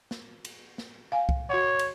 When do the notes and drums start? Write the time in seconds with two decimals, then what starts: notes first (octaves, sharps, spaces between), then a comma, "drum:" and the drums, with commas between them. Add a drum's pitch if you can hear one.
0.11 drum: snare
0.45 drum: cymbal
0.78 drum: snare
1.12 F5 G#5
1.29 drum: kick
1.50 F#4 C#5 F#5
1.79 drum: cymbal